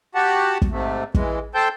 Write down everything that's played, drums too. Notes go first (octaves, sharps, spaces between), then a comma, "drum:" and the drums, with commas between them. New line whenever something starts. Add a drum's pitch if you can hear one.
F#4 G4 F#5 A5
drum: kick
G#2 C3 A3
E3 G#3, drum: kick
A4 C5 G5 A5 G6